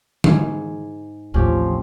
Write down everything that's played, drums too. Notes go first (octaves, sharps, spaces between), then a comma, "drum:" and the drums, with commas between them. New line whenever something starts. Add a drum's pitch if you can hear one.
G#2 G#4, drum: tom D3
A1 D#2 F3 C4 C#4 G4